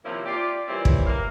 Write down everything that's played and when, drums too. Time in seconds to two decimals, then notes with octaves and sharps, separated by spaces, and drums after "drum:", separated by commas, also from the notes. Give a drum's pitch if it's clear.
0.04 D#2 C3 F3 A#3 E4 C#5
0.26 F4 G4 D5
0.68 A#2 E3 G3 C4 E4 C#5
0.85 drum: kick
1.07 A#3 F5